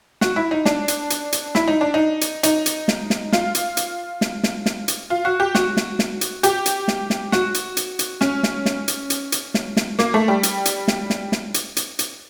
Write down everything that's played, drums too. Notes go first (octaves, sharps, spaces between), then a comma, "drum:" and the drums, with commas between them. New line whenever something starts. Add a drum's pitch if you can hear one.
F#4, drum: snare
E4
D#4
D4, drum: snare
drum: hi-hat
drum: hi-hat
drum: hi-hat
E4, drum: snare
D#4
D4
D#4
drum: hi-hat
D#4, drum: hi-hat
drum: hi-hat
drum: snare
drum: snare
F4, drum: snare
drum: hi-hat
drum: hi-hat
drum: snare
drum: snare
drum: snare
drum: hi-hat
F4
F#4
G4
F#4, drum: snare
drum: snare
drum: snare
drum: hi-hat
G4, drum: hi-hat
drum: hi-hat
drum: snare
drum: snare
F#4, drum: snare
drum: hi-hat
drum: hi-hat
drum: hi-hat
C#4, drum: snare
drum: snare
drum: snare
drum: hi-hat
drum: hi-hat
drum: hi-hat
drum: snare
drum: snare
A#3, drum: snare
A3
G3
drum: hi-hat
drum: hi-hat
drum: snare
drum: snare
drum: snare
drum: hi-hat
drum: hi-hat
drum: hi-hat